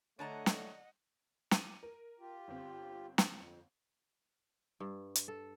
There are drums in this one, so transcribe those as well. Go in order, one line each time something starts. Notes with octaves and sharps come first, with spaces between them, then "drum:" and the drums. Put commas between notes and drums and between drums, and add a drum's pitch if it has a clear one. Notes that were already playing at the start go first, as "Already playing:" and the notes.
D3 A3 C#5 D#5 F#5 A5 A#5
drum: snare
D6 D#7, drum: snare
A#4
F4 G4
G1 C4
drum: snare
F2
G2
drum: hi-hat
A4